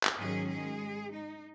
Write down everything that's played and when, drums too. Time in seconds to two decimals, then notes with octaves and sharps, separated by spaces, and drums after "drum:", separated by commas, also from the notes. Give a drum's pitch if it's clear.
0.03 drum: clap
0.18 G#2 D#3 F#3 G#3 C#4 G#4
0.49 G#3 G#4
1.11 D#4